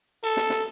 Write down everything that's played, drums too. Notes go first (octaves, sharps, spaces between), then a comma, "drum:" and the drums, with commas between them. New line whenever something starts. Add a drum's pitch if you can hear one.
A4, drum: cymbal
drum: snare
drum: snare